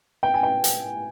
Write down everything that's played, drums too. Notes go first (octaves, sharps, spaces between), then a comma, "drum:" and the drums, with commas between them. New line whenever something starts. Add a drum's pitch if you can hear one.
G5
G#5
G5
drum: hi-hat